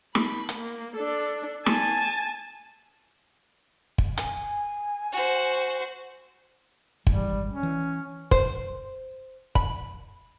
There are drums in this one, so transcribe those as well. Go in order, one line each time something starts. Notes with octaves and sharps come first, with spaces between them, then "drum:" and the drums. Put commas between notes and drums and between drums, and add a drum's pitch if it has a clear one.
B5, drum: snare
drum: hi-hat
A#3
D4 A4
G#5 A5, drum: snare
drum: kick
G#5, drum: hi-hat
F#4 C5
G#1 G#2 E3 G3, drum: kick
C#4
E3
C5, drum: kick
B5, drum: kick